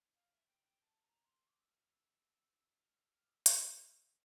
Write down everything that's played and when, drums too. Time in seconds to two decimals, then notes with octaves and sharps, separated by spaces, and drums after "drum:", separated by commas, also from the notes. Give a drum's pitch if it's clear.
0.15 F5
0.31 E5
0.47 G5
0.64 G5
0.81 A5
1.03 A#5
1.24 C6
1.47 D6
1.60 E6
1.68 F6
1.90 E6
2.79 F6
2.96 E6
3.12 F6
3.24 D6
3.30 E6
3.46 E6, drum: hi-hat
3.68 F6
3.90 E6